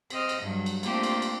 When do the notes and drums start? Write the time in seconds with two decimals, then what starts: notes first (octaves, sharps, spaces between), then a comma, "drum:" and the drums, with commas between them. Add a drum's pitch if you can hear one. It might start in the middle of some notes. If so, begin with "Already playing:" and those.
0.10 C4 D#5 F6, drum: cymbal
0.29 drum: cymbal
0.42 G2 F#3
0.66 drum: cymbal
0.83 A3 A#3 C4 D4 F4 G4, drum: cymbal
1.03 drum: cymbal
1.22 drum: cymbal